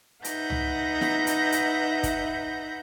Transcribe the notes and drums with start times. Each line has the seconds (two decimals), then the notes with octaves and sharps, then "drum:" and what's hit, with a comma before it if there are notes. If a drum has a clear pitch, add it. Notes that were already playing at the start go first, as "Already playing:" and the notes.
0.24 D#4 B4 E5 F#5 G6 A#6, drum: hi-hat
0.50 drum: tom
1.01 drum: snare
1.27 drum: hi-hat
1.52 drum: hi-hat
2.03 drum: kick, hi-hat